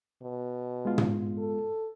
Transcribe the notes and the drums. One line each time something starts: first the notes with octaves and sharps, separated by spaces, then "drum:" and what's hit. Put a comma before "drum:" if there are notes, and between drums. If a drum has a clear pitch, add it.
B2
G#3 B3 F4
drum: tom
A4